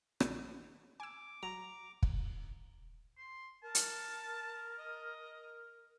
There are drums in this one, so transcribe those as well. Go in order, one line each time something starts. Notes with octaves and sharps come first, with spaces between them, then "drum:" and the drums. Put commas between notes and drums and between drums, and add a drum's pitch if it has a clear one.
A#1, drum: rim click
G#5 D6 E6
F#3 A#5
drum: kick
C6
A#4 A5
drum: hi-hat
D#5